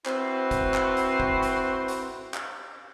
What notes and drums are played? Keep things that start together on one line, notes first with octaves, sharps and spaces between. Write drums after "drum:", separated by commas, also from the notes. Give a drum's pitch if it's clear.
C4 E4 F#4 B4 C5, drum: clap
drum: kick, hi-hat
drum: clap
drum: hi-hat
drum: kick
drum: hi-hat
drum: hi-hat
drum: clap